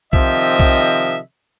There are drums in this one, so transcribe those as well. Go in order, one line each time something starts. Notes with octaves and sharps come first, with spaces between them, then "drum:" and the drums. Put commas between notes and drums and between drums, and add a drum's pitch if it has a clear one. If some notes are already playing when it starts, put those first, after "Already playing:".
C3 D#3 F3 C4 D#5 E5, drum: kick B1
drum: kick B1